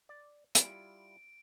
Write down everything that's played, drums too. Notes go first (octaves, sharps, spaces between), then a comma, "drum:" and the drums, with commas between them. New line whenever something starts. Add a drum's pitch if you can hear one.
D5
G3 E4 F4 D7, drum: hi-hat